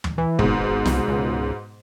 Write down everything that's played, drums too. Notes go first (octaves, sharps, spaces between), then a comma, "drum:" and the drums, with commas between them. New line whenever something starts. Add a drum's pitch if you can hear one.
drum: tom
E3
G#1 G#2 B2, drum: kick
C2, drum: snare
C#2